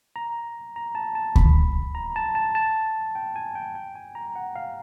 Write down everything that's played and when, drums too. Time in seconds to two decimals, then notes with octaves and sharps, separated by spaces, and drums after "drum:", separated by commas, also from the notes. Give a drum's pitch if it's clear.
0.16 A#5
0.76 A#5
0.95 A5
1.15 A5
1.36 B5, drum: kick D2
1.95 A#5
2.16 A5
2.35 A5
2.55 A5
3.15 G5
3.36 G#5
3.55 G5
3.75 G5
3.96 G#5
4.15 A#5
4.36 F#5
4.56 F5